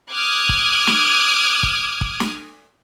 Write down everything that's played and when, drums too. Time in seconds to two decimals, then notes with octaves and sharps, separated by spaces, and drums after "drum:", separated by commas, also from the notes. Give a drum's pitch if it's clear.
0.11 D6 D#6 F6 F#6 G#6
0.49 drum: kick
0.87 drum: snare
1.63 drum: kick
2.01 drum: kick
2.20 drum: snare